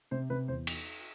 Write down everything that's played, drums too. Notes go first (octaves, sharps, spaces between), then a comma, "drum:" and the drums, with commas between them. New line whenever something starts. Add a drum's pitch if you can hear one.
C3 C5
C3 B4
E2 C5
drum: cymbal